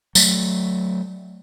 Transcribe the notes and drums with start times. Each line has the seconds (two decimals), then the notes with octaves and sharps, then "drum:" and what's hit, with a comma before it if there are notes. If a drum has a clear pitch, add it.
0.15 F#3 A3, drum: tambourine